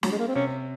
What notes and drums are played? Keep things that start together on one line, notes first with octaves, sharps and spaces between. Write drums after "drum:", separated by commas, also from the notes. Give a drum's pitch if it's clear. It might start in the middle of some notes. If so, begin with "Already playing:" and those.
F#3, drum: snare
G#3
A#3
C4
C3 C#4